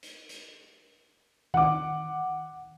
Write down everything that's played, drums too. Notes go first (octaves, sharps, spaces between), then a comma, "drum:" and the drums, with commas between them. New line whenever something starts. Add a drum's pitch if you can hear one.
drum: hi-hat
drum: hi-hat
F#5 D6, drum: tom D#3